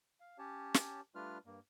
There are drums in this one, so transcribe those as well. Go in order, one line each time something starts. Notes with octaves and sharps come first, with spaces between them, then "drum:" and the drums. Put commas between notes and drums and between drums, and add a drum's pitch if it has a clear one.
F5
C#4 G4 C#5 A5
drum: snare
G3 A3 D4 F4 B4 F6
G2 A#3